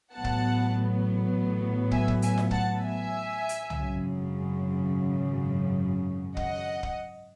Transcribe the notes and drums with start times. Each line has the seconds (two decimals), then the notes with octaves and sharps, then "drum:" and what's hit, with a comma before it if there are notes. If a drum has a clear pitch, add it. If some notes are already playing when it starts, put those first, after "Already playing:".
0.13 A1 A2 F#3 B3 F#5 A5
0.24 drum: kick
1.91 E5 G#5, drum: kick
2.08 drum: kick
2.22 E5 G#5, drum: hi-hat
2.38 drum: snare F4
2.51 F#5 A5, drum: kick
2.80 E5 G#5
3.49 drum: hi-hat
3.70 G#1 F#2 C#3, drum: tom
6.37 D#5 F#5, drum: kick
6.83 drum: kick